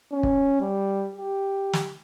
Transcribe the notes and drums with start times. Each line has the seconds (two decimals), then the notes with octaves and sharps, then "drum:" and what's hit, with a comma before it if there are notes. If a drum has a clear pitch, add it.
0.13 C#4
0.23 drum: kick
0.61 G3
1.16 G4
1.73 drum: snare